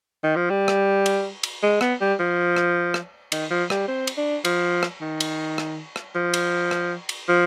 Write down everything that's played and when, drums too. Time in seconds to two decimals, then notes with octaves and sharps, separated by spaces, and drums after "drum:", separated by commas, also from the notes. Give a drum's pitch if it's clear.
0.23 D#3
0.36 F3
0.50 G3
0.68 drum: rim click
1.06 drum: cymbal
1.43 drum: cymbal
1.63 G#3
1.81 B3, drum: rim click
2.01 G3
2.19 F3
2.57 drum: rim click
2.94 drum: rim click
3.32 D#3, drum: cymbal
3.50 F3
3.70 G3, drum: rim click
3.88 C4
4.07 drum: cymbal
4.17 D4
4.45 F3, drum: cymbal
4.83 drum: rim click
5.01 D#3
5.20 drum: cymbal
5.58 drum: rim click
5.96 drum: rim click
6.15 F3
6.34 drum: cymbal
6.71 drum: rim click
7.09 drum: cymbal
7.28 F3